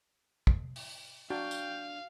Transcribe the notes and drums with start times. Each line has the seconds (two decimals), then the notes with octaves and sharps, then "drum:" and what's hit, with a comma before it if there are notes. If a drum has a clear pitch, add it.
0.47 drum: kick
0.76 drum: open hi-hat
1.30 D4 F#4 F5 G5
1.51 drum: tambourine